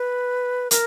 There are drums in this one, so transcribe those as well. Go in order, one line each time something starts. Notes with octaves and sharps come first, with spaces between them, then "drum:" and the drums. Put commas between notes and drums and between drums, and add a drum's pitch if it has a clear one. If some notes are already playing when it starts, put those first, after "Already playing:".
Already playing: B4
A#4, drum: hi-hat